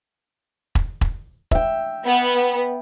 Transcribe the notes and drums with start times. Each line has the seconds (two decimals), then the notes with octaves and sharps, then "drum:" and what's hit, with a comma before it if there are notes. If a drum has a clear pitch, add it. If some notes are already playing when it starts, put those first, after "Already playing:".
0.75 drum: kick E1
1.01 drum: kick E1
1.51 E5 G5, drum: kick E1
2.06 B3